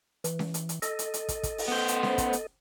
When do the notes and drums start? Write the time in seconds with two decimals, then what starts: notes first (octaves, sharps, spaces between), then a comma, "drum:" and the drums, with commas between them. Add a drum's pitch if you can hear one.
0.24 E3, drum: hi-hat
0.39 drum: snare C#4
0.54 drum: hi-hat
0.69 drum: hi-hat
0.82 A4 D#5, drum: hi-hat
0.99 drum: hi-hat
1.14 drum: hi-hat
1.29 drum: kick, hi-hat
1.43 drum: kick, hi-hat
1.58 drum: open hi-hat
1.68 B3 C5
1.88 drum: hi-hat
2.03 drum: snare C#4
2.18 drum: kick, hi-hat
2.33 drum: hi-hat